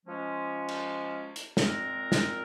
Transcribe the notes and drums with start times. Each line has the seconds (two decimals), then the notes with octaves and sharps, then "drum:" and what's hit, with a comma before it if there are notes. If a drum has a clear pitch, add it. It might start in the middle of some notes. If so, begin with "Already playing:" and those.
0.05 F3 G#3 C#4
0.68 drum: cymbal
1.36 drum: hi-hat
1.57 A#2 G#3 C4 F4 A#4, drum: snare
2.12 drum: snare